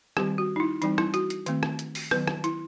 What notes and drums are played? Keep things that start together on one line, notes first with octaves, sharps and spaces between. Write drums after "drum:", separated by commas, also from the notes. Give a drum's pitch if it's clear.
D#3 G3 C4 G4, drum: rim click
F#4
D#4
E4
E3 G3 C4 D#4, drum: hi-hat
E4, drum: rim click
F#4, drum: hi-hat
drum: hi-hat
D#3 A3 C4, drum: hi-hat
drum: rim click
drum: hi-hat
drum: open hi-hat
D#3 F#3 B3 B4, drum: rim click
drum: rim click
E4, drum: hi-hat